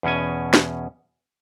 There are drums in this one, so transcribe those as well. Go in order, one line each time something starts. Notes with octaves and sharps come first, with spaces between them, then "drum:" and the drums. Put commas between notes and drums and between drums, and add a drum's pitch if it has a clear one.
E2 B2 C#4 G#5
drum: snare